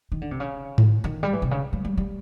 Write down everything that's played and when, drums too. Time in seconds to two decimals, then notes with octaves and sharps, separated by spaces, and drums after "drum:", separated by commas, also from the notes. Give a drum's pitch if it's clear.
0.12 D#3
0.22 D3
0.31 C3
0.40 C#3
0.78 drum: tom G#2
1.04 D#3
1.23 G3
1.33 E3
1.42 C3
1.51 C#3
1.73 G3
1.85 G3
1.97 G3